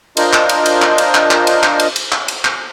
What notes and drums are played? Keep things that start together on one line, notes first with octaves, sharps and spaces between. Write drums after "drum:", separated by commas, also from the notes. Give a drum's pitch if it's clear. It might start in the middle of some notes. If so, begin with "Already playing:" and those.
D4 F4 A#4 C5 D#5, drum: cymbal
drum: clap
drum: cymbal
drum: cymbal
drum: clap
drum: cymbal
drum: clap
drum: clap
drum: cymbal
drum: clap
drum: cymbal
drum: cymbal
drum: clap
drum: cymbal
drum: clap